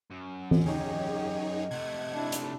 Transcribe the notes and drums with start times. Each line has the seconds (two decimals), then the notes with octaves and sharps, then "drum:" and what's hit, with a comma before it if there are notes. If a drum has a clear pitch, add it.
0.11 F#2
0.51 drum: tom E3
0.66 D#4 G4 G#4 C#5 D#5
1.71 C3 A3 F#5 G#6
2.13 D4 E4
2.32 drum: hi-hat